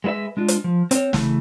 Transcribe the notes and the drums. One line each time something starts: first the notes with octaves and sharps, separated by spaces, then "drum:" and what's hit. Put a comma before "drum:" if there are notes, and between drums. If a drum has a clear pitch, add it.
G#3 A#3 E4 B4 E5
G#3 D4 F4
drum: hi-hat
F3
C4 C#5, drum: hi-hat
C#3 E3 A3, drum: snare